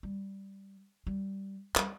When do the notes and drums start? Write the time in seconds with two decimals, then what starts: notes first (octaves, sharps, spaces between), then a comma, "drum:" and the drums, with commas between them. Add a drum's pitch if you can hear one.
0.03 G3
1.07 G3
1.76 G3, drum: clap